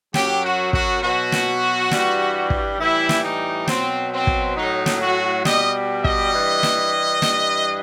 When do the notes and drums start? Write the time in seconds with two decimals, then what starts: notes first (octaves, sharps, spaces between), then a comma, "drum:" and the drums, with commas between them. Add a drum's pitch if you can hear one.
0.14 F#2 F#3 G4, drum: snare
0.44 F#4
0.73 F#4, drum: kick
1.02 B2 F#3 F#4
1.32 drum: snare
1.91 G2 E3 G3, drum: snare
2.50 drum: kick
2.80 A2 E3 G3 E4
3.09 drum: snare
3.24 D#4
3.68 B2 F#3 C4, drum: snare
4.13 C4
4.27 drum: kick
4.56 A2 F#3 D#4
4.86 drum: snare
5.01 F#4
5.45 B2 G3 D#5, drum: snare
6.04 D#5, drum: kick
6.34 G2 E3 G3
6.63 drum: snare
7.22 G2 E3 G3, drum: snare